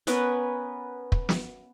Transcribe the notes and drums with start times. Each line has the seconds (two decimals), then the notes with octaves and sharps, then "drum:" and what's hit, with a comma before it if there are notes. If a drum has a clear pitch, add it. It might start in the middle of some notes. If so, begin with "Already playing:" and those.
0.07 B3 C#4 A#4 B4, drum: hi-hat
1.12 drum: kick
1.29 drum: snare